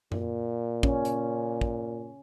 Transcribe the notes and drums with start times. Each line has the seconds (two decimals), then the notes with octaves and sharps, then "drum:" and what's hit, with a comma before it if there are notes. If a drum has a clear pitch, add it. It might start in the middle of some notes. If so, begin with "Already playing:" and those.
0.12 A#2, drum: tom F#2
0.83 C#4, drum: kick
1.05 drum: hi-hat
1.61 drum: kick